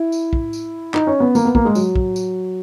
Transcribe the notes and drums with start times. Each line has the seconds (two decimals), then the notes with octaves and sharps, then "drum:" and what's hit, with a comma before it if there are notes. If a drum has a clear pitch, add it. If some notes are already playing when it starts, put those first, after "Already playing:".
Already playing: E4
0.12 drum: tambourine
0.33 drum: kick
0.53 drum: tambourine
0.94 D#4, drum: clap
1.07 C#4
1.20 B3
1.35 A#3, drum: tambourine
1.45 B3
1.55 A#3, drum: kick
1.65 G#3
1.75 F#3, drum: tambourine
1.96 drum: kick
2.16 drum: tambourine